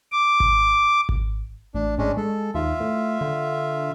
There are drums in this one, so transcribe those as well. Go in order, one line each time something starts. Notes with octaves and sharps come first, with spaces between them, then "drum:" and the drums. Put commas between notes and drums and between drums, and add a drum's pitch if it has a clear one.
D6
drum: kick G#1
drum: kick G#1
A1 D4
A1 G#3 C#4 D4
G#3 A4
D#2 F4 E5
A2
D3